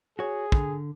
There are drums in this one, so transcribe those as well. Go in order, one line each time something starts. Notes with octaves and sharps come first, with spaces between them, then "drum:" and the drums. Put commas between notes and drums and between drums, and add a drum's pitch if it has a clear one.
F#4 G#4 C#5
D3, drum: kick